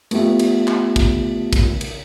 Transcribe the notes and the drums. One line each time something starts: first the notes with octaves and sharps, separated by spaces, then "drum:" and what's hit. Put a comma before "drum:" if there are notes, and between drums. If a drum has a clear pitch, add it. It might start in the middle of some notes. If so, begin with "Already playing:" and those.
A3 B3 F4 G4 E5, drum: cymbal
drum: cymbal
drum: clap
drum: kick, cymbal
drum: kick, cymbal
drum: cymbal